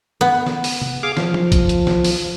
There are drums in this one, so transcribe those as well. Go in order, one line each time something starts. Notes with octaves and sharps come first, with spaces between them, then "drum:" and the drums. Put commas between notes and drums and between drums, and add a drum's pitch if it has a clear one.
B3
drum: snare
drum: open hi-hat
drum: tom C3
G#4 F5 D6
F3, drum: snare
drum: tom
drum: kick, hi-hat
drum: hi-hat
drum: snare
drum: open hi-hat